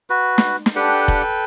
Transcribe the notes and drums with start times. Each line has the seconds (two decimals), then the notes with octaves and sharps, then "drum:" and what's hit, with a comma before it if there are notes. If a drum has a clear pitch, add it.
0.10 F#4 B4
0.38 drum: snare
0.66 drum: snare
0.76 D4 G4 A4 B4 F#5 G5
1.08 drum: kick F1